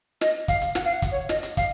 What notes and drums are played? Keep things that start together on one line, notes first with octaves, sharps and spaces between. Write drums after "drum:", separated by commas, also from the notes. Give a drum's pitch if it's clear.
D#5, drum: snare
F5, drum: kick, hi-hat
drum: hi-hat
F#5, drum: snare
F5
F#5
drum: kick, hi-hat
C#5
D#5, drum: snare
drum: hi-hat
F5, drum: kick, hi-hat